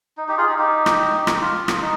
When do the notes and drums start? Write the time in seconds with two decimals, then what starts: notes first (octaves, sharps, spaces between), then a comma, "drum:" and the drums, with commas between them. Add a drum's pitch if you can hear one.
0.17 D#4
0.28 D#4 G4
0.38 F4 G#4
0.48 D#4 G4
0.59 D#4 G4
0.86 drum: rim click
1.27 drum: rim click
1.41 F4
1.68 drum: rim click
1.81 D#4